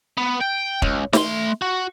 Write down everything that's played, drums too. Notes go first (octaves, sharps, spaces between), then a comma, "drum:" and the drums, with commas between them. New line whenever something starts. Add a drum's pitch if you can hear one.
B3
G5
C#2, drum: kick
A3 C6, drum: snare
F#4